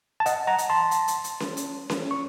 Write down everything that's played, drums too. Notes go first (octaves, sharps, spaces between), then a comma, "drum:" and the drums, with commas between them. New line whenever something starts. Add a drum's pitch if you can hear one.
A5
D#5 F#5, drum: hi-hat
F#5 A#5
drum: hi-hat
A5 C6
drum: hi-hat
drum: hi-hat
drum: hi-hat
drum: snare C#4
drum: hi-hat
drum: snare C#4
C#6